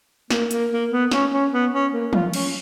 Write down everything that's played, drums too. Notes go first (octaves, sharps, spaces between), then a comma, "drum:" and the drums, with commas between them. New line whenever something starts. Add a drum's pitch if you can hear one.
A#3, drum: snare
A#3, drum: hi-hat
A#3
B3
C#4, drum: snare
C#4
B3
C#4
A#3
F4, drum: tom
C#4, drum: cymbal